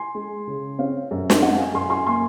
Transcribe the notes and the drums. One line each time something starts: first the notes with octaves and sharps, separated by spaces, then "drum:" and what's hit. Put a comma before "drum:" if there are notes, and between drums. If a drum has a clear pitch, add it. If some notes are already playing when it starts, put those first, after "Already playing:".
Already playing: G#5 C6
G#3
C#3
C4 C#5 F5
F#2
drum: snare
C4 D#5 F#5
F5 G#5
F#2 G#5 C6
G#5 C6
A#3 G#5 C6